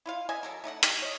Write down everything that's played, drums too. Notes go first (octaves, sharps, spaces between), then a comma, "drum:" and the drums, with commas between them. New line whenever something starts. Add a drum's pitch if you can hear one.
E4 F4 F5
B4 D#5 E5 G#5
F#3 A4 A#4
A3 D#4 D#5 F#5
A3 D#4 G4, drum: hi-hat
C#5 D#5